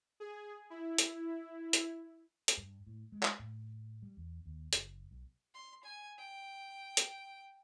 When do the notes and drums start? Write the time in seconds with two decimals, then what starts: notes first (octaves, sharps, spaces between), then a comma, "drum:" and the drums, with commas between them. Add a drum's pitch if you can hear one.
0.20 G#4
0.70 E4
0.98 drum: hi-hat
1.73 drum: hi-hat
2.48 drum: hi-hat
2.57 G2
2.87 A2
3.12 G#3
3.23 drum: clap
3.39 A2
4.02 G3
4.17 E2
4.46 D#2
4.73 F#1, drum: hi-hat
5.11 B1
5.55 C6
5.84 G#5
6.18 G5
6.97 drum: hi-hat